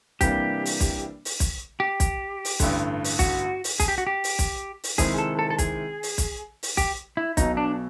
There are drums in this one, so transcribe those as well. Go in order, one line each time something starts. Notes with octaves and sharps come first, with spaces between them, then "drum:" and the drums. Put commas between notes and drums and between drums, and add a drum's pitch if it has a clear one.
C3 E3 G3 A#3 D4 G4, drum: kick B1, hi-hat
drum: open hi-hat
drum: kick B1, hi-hat
drum: open hi-hat
drum: kick B1, hi-hat
G4
drum: kick B1, hi-hat
drum: open hi-hat
A1 G2 D3, drum: kick B1, hi-hat
drum: open hi-hat
F#4, drum: kick B1, hi-hat
drum: open hi-hat
G#4, drum: kick B1, hi-hat
G4
F#4
G4
drum: open hi-hat
drum: kick B1, hi-hat
drum: open hi-hat
C3 D#3 G#3 C4 E4 G#4, drum: kick B1, hi-hat
A4
A4
A4
G#4, drum: kick B1, hi-hat
drum: open hi-hat
drum: kick B1, hi-hat
drum: open hi-hat
G4, drum: kick B1, hi-hat
E4
B1 B2 F#3 D#4, drum: kick B1, hi-hat
D4